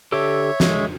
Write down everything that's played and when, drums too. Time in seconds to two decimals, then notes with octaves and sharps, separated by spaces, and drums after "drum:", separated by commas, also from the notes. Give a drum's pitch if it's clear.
0.12 D3 G4 A4 C#5 E5
0.60 G#3, drum: snare